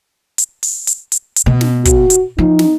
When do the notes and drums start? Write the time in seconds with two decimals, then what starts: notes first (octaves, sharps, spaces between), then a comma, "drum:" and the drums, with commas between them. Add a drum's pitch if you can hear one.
0.38 drum: hi-hat
0.63 drum: open hi-hat
0.87 drum: hi-hat
1.12 drum: hi-hat
1.36 drum: hi-hat
1.46 B2
1.61 drum: snare
1.85 F#4, drum: kick, hi-hat
2.10 drum: hi-hat
2.38 F3 D#4
2.59 drum: snare